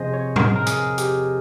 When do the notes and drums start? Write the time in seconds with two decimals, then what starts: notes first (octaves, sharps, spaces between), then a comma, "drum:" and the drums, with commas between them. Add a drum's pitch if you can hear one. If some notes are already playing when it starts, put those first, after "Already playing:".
Already playing: C3 F3 C4 G#4 C5 D#5
0.13 C#5
0.36 A#4, drum: tom A2
0.56 A#4
0.67 G#4, drum: hi-hat
0.98 G4, drum: hi-hat